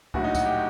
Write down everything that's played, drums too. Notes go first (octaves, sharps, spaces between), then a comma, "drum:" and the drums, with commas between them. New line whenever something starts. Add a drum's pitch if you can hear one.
A#1 A2 F#3 F#4, drum: kick
D#4
F#4, drum: kick, tambourine
G4